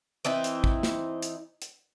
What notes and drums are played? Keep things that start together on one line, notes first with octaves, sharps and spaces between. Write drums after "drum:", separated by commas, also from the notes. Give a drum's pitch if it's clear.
E3 C4 D#4 E4
drum: hi-hat
drum: kick
drum: snare
drum: hi-hat
drum: hi-hat